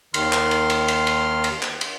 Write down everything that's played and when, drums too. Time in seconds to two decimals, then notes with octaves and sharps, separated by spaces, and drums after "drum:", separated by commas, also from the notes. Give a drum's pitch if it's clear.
0.14 D#2 D#3 C6 F6, drum: cymbal
0.33 drum: clap
0.51 drum: cymbal
0.70 drum: cymbal
0.88 drum: cymbal
1.07 drum: cymbal
1.44 drum: cymbal
1.62 drum: clap
1.81 drum: cymbal